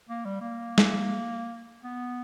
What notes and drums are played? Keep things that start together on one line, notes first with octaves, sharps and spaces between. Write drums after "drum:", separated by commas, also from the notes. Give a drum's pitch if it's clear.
A#3
G3
A#3
drum: snare
B3